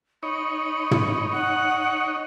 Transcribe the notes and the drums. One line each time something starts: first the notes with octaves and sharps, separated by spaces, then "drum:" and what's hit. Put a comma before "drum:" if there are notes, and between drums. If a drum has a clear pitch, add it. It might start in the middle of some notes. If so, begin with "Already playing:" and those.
D#4 C#5 B5
drum: tom
F#5